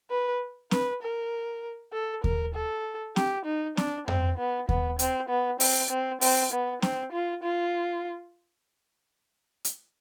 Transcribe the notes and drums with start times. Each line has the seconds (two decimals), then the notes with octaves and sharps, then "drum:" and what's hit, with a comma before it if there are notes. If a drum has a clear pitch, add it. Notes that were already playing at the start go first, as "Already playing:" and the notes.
0.10 B4
0.71 B4, drum: snare
1.02 A#4
1.93 A4
2.24 A#4, drum: kick D#2
2.55 A4
3.16 G4, drum: snare
3.46 D#4
3.77 D4, drum: snare
4.08 C4, drum: tom F2
4.38 B3
4.69 B3, drum: kick D#2
4.99 C4, drum: hi-hat
5.29 B3
5.60 C4, drum: open hi-hat
5.90 C4
6.21 C4, drum: open hi-hat
6.52 B3
6.82 C4, drum: snare
7.13 F4
7.44 F4
9.65 drum: hi-hat